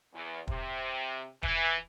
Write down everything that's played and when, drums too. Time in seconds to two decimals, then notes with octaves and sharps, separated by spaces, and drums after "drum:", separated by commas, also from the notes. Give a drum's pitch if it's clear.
0.13 E2
0.48 C3, drum: kick
1.43 E3, drum: kick